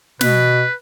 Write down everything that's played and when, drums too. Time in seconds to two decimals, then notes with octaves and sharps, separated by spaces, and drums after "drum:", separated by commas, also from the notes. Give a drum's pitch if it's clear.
0.21 B2 B4, drum: snare